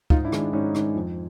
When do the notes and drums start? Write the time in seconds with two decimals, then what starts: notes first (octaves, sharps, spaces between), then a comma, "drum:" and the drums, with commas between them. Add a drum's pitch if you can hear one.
0.10 G#2 D#4 F4, drum: kick
0.24 D4 E4
0.32 D#3 G#3, drum: rim click
0.39 D4
0.53 G#2 C#4 D#4
0.75 D#3 G#3, drum: rim click
0.96 F2